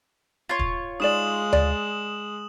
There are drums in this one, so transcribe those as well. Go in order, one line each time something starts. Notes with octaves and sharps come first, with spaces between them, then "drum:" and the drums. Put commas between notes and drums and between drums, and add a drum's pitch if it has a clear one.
F4 C#5
drum: kick
G#3 D#4 D5 D#6 E7 F#7
D5, drum: tom D2